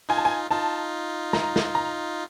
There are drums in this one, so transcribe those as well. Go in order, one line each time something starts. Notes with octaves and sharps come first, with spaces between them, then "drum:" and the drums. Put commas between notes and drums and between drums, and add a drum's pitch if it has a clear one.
D#4 F4 G#5
A5
G#5
D#4 F4 A5
A#5, drum: snare
drum: snare
A#5